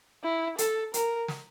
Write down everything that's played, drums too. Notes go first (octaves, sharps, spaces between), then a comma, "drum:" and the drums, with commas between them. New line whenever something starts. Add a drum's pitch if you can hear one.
E4
A4, drum: hi-hat
A#4, drum: hi-hat
drum: snare